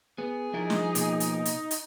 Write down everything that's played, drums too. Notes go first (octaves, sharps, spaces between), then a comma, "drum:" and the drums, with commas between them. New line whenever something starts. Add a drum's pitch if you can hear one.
B3 G#4
F3 G3 D#4 E4 A#4
drum: snare
B2 A#3, drum: hi-hat
drum: hi-hat
drum: hi-hat
drum: hi-hat